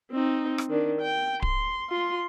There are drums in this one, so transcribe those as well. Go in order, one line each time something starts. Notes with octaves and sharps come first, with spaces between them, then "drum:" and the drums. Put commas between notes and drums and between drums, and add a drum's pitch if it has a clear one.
C4 D#4
drum: rim click
D#3 D4
G5
C6, drum: kick D1
F4 C6